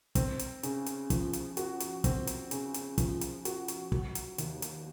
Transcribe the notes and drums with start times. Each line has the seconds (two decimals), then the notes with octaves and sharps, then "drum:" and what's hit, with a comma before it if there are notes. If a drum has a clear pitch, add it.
0.15 C4, drum: kick, hi-hat
0.39 drum: hi-hat
0.63 C#3, drum: hi-hat
0.86 drum: hi-hat
1.10 F3, drum: kick, hi-hat
1.33 drum: hi-hat
1.57 F#4, drum: hi-hat
1.80 drum: hi-hat
2.04 C4, drum: kick, hi-hat
2.27 drum: hi-hat
2.51 C#3, drum: hi-hat
2.74 drum: hi-hat
2.98 F3, drum: kick, hi-hat
3.21 drum: hi-hat
3.45 F#4, drum: hi-hat
3.68 drum: hi-hat
3.92 F#3, drum: kick
4.15 drum: hi-hat
4.38 D#2, drum: hi-hat
4.62 drum: hi-hat